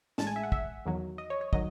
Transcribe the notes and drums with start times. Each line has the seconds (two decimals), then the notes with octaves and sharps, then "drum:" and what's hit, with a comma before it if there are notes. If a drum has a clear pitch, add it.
0.18 A1 A2 G#3 A5, drum: snare
0.27 G#5
0.36 E5
0.43 F#5
0.52 E5, drum: kick
0.86 E2 D#3 F#3
1.18 D#5
1.30 C#5
1.41 C#5
1.53 D#3 F#3 D#5, drum: kick